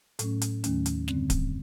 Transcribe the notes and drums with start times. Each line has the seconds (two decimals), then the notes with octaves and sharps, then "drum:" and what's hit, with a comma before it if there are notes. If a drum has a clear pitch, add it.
0.19 A2 F#3 A3 C#4, drum: hi-hat
0.41 drum: hi-hat
0.64 D#2 D#3 F#3 A3 C#4, drum: hi-hat
0.86 drum: hi-hat
1.08 F#2 D3 G3 C4, drum: snare
1.30 drum: kick D1, hi-hat